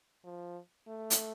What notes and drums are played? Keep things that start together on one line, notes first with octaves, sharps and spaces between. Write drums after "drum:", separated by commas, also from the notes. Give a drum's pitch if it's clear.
F3
A3
drum: hi-hat